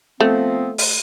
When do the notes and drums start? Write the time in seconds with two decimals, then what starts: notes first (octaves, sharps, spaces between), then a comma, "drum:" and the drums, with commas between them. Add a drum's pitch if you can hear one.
0.20 F3 A3 B3 C4
0.78 drum: open hi-hat